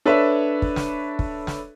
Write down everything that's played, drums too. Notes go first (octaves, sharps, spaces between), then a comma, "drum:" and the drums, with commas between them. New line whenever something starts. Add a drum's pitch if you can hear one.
D4 A4 B4 C#5 E5 B5
drum: kick
drum: snare
drum: kick
drum: snare